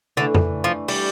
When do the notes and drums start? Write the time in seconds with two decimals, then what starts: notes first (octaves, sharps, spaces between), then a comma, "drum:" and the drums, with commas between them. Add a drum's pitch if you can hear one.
0.17 D3 E3 A3 D4
0.35 drum: tom F2
0.64 F3
0.88 G3, drum: open hi-hat